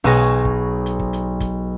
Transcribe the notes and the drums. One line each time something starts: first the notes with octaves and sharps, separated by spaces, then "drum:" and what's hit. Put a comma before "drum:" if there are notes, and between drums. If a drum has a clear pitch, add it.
B1 B3 G#4 C#6 A#6, drum: open hi-hat
drum: kick
drum: hi-hat
drum: kick
drum: hi-hat
drum: kick, hi-hat